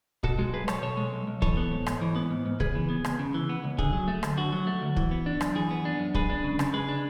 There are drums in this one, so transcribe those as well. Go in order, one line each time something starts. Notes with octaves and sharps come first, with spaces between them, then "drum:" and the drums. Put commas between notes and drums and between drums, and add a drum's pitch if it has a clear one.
B2 F#4 A4, drum: kick
G#3 F#4 A4
B1 G#4 B4
B1 A4 C#5, drum: rim click
B2 A4 C#5
G#3
B1
B1
E3 A4 C#5, drum: kick
B3
G#2
G#2, drum: rim click
E3
B3
G#2
G#2
C#3 G#4 B4, drum: kick
E3
B3
C#2, drum: rim click
C#3
E3
B3
C#2
D3 G#4, drum: kick
F#3
A3
D2, drum: rim click
D3 F#4
F#3
A3
D2
E3, drum: kick
B3
D4
F#2, drum: rim click
E3 G#4
B3
D4
F#2
G#3 G#4 B4, drum: kick
D4
C#3
C#3, drum: rim click
G#3 G#4 B4
D4